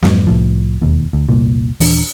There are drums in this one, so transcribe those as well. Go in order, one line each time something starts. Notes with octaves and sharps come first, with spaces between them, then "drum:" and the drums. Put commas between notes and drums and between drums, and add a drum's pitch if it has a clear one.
F2 G#2 F#3, drum: snare
C2 A2 F3
E1 D#2
D2
F1 C2 A#2
D#1 E3 D4, drum: open hi-hat